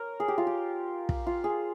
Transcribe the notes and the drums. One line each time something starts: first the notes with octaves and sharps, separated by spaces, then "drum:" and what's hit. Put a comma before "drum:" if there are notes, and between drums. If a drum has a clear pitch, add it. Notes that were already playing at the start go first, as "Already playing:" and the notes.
Already playing: A#4 C#5
G#4
G4
F4
G4
drum: kick
F4
G#4